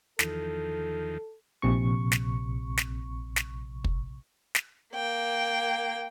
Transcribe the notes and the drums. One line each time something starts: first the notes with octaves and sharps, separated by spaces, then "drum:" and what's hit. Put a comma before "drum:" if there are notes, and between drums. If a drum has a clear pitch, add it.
E2 D#3 F3 A4, drum: snare
A#1 C3 C#6
drum: snare
drum: snare
drum: snare
drum: kick
drum: snare
A#3 G5